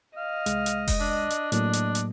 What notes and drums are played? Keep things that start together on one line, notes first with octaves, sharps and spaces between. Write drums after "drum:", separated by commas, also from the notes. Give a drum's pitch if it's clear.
D#5 F5
C2 G#3, drum: hi-hat
drum: hi-hat
drum: kick F1, open hi-hat
D4
drum: hi-hat
A2 F#3 A#3 D4, drum: hi-hat
drum: hi-hat
drum: hi-hat